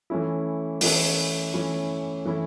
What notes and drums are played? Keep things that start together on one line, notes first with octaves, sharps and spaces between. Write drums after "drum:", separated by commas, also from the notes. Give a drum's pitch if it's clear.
E3 A3 C#4 E4
E3 A3 C#4 E4, drum: open hi-hat
E3 A3 C#4 E4
E3 A3 C#4 E4